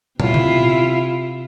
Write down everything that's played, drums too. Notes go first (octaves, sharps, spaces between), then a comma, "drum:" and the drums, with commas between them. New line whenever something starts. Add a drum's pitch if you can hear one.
C3 E4 F4, drum: tom
drum: tom